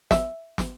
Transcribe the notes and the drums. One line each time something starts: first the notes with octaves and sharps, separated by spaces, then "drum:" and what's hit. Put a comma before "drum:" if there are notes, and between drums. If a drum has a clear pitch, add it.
E5, drum: snare
drum: snare